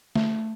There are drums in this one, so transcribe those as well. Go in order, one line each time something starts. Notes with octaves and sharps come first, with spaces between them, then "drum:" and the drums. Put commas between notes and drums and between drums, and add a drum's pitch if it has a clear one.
A3, drum: snare